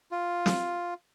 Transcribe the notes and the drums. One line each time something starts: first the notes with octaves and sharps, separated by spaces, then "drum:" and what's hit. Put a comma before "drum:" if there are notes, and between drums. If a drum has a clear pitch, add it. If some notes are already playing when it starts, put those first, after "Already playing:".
F4
drum: snare